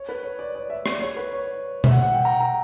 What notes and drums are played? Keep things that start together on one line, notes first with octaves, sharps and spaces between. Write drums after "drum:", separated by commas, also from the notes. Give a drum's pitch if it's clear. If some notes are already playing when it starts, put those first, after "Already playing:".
Already playing: C#5
B4
C#5
D5
D5
E5
D5, drum: rim click
C#5
B4
C#5
E5, drum: tom B2
F#5
F#5
G5
A#5
A#5